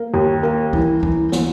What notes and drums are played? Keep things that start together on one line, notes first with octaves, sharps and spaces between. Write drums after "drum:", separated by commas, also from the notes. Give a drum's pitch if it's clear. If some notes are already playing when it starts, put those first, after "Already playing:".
Already playing: A#3
D#2
A#3
E3, drum: kick C#2
E3, drum: kick C#2
E3, drum: snare